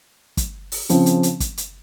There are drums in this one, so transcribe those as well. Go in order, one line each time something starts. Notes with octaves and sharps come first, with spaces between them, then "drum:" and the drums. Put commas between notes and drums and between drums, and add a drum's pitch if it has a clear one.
drum: kick, hi-hat
drum: open hi-hat
C#3 F3 C4, drum: hi-hat
drum: hi-hat
drum: hi-hat
drum: kick, hi-hat
drum: hi-hat